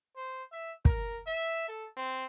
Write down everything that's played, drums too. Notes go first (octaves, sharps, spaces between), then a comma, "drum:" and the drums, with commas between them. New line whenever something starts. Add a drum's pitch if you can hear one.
C5
E5
A#4, drum: kick
E5
A4
C4